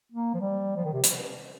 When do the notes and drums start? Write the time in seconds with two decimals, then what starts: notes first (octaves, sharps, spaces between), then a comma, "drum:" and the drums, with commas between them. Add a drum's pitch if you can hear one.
0.12 A#3
0.34 F3
0.40 G3
0.77 F3
0.85 D#3
0.93 C3
1.04 drum: hi-hat